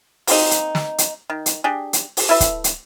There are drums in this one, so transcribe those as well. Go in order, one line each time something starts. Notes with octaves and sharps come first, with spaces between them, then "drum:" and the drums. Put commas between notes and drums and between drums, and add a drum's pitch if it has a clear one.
A#3 C4 D#4, drum: open hi-hat
drum: hi-hat
drum: snare
drum: hi-hat
D#3
drum: hi-hat
D4 G4 G#4
drum: hi-hat
drum: open hi-hat
E4 A4 B4 E5
drum: kick, hi-hat
drum: hi-hat